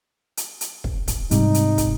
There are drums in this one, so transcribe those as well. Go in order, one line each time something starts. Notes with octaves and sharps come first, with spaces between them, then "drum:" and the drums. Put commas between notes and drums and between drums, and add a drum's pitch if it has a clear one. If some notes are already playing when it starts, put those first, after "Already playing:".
drum: hi-hat
drum: hi-hat
drum: kick
drum: kick, hi-hat
G#2 C3 G3 D#4, drum: hi-hat
drum: hi-hat
drum: kick, hi-hat